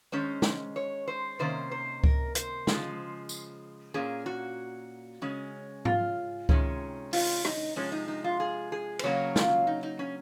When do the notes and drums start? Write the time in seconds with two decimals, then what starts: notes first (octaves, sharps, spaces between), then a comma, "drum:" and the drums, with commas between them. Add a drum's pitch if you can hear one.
0.12 D#3 G#3 C#4 C5
0.42 drum: snare
0.76 C#5
1.08 C5
1.39 C3 D#3 A#3 C#4 C5
1.71 C5
2.04 A#4, drum: kick C#2
2.35 C5, drum: hi-hat
2.67 C#3 F3 G#3, drum: snare
3.29 drum: tambourine
3.94 A#2 F3 A#3 C#4 G#4
4.26 F#4
5.21 C#3 G#3 C#4
5.85 F4, drum: tom G#2
6.49 C3 D#3 G#3 C#4, drum: kick C#2
7.13 F4, drum: open hi-hat
7.45 D#4, drum: rim click
7.76 C3 F3 G#3 C#4
7.92 D#4
8.08 D#4
8.24 F4
8.40 G#4
8.72 G#4
8.99 C5, drum: cymbal
9.04 C#3 F#3 A#3 C#4 C#5
9.36 F4, drum: snare
9.67 D#4
9.83 D#4
9.99 C#4